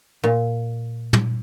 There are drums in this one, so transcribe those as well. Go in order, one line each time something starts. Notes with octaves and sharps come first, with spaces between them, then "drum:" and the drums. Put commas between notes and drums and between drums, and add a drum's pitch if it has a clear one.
A#2
drum: tom